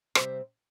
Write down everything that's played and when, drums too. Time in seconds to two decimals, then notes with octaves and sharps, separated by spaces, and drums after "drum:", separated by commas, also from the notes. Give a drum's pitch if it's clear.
0.15 C3 G3 C4 C5 E5, drum: rim click